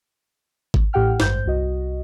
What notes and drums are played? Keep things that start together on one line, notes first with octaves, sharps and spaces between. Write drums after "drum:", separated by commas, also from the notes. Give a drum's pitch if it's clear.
drum: kick G#1
A1 A2 G4 F#5 G5 F6
G#1 G2 C5 G6, drum: snare
C2 F#4 D#5